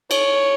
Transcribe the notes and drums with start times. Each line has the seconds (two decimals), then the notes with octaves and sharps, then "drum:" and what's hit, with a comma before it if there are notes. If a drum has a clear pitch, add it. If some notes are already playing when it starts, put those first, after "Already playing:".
0.11 C#5, drum: cymbal